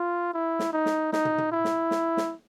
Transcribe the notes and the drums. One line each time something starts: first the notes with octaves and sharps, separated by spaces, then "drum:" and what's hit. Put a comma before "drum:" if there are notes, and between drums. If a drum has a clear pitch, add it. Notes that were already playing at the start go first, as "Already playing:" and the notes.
Already playing: F4
E4
drum: snare
D#4
drum: snare
D#4, drum: snare
drum: tom
drum: tom
E4
drum: snare
drum: snare
drum: snare